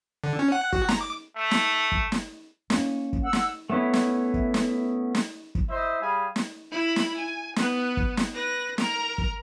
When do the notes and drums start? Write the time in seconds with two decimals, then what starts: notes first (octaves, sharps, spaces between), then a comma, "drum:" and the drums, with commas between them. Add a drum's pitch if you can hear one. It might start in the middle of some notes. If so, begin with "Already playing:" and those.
0.24 D3
0.39 C#4
0.52 F#5
0.73 F#4, drum: kick
0.89 A#5, drum: snare
1.01 D6
1.36 A3
1.51 drum: snare
1.92 drum: kick
2.12 drum: snare
2.70 A#3 C#4, drum: snare
3.13 drum: kick
3.23 F#5 E6
3.33 drum: snare
3.70 A3 B3 C#4 E4
3.93 drum: snare
4.34 drum: kick
4.54 drum: snare
5.15 drum: snare
5.55 drum: kick
5.69 E4 C5 D#5 E5
6.01 G3 G#4 F5 G#5 B5
6.36 drum: snare
6.72 E4 B5
6.96 drum: snare
7.17 G#5
7.56 B3 B4, drum: snare
7.97 drum: kick
8.17 drum: snare
8.34 B4 A#6
8.78 A#4 A#5, drum: snare
9.18 drum: kick